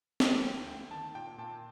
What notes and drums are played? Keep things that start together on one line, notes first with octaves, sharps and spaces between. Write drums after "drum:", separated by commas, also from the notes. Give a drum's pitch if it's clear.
D2 G5, drum: snare
D2 G5
D2 G5
D#3 A5
A#2 G5
A#2 A5